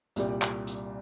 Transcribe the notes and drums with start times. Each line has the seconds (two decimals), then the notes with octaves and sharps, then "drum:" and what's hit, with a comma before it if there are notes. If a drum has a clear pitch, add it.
0.16 C2 A#2 G3, drum: hi-hat
0.42 drum: clap
0.67 drum: hi-hat